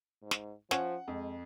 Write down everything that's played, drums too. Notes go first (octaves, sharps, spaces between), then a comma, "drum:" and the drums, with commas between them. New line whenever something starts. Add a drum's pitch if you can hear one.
G#2
drum: snare
F3 C#4 F#5, drum: snare
F2 G#3